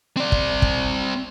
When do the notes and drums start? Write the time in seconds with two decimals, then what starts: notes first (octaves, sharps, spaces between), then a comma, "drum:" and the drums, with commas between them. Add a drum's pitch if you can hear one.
0.17 C4 D5
0.32 drum: kick
0.62 drum: kick